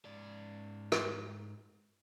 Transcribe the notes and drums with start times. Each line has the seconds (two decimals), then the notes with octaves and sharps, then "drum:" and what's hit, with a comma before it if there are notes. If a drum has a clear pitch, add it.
0.05 G#2 D5
0.92 drum: rim click